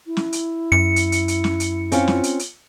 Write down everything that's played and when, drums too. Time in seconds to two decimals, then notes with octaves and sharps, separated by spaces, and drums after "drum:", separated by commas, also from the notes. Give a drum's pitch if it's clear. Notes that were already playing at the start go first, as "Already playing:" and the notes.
0.06 E4
0.17 drum: snare
0.32 drum: hi-hat
0.72 F#2 C#7
0.96 drum: hi-hat
1.12 drum: hi-hat
1.28 drum: hi-hat
1.44 drum: snare
1.60 drum: hi-hat
1.92 C4 C#4 F4, drum: hi-hat
2.08 drum: snare
2.23 drum: hi-hat
2.39 drum: hi-hat